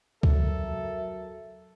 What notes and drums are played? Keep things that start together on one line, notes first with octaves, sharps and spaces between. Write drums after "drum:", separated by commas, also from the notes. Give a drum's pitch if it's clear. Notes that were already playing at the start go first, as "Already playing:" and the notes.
F#3 A4 A#4 E5, drum: kick C#2